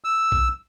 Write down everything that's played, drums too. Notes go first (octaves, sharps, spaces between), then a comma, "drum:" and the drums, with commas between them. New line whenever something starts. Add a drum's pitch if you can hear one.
E6
drum: kick